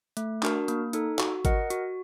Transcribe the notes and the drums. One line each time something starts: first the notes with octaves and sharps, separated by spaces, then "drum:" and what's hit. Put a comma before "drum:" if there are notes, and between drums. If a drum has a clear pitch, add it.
A3, drum: hi-hat
D4 F#4 A#4, drum: clap
A#3, drum: hi-hat
D#4 A4, drum: hi-hat
F#4, drum: clap
A#4 D#5 F#5, drum: kick G#1, hi-hat
F#4, drum: hi-hat